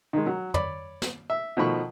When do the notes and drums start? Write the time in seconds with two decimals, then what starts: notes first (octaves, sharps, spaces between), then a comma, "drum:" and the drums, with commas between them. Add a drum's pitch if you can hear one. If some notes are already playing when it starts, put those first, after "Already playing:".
0.13 D#3 G#3
0.27 F#3
0.54 C#5 D5 B5 D6, drum: tom
1.02 drum: snare
1.30 E5
1.57 B2 D#3 F3 A3 B5 C#6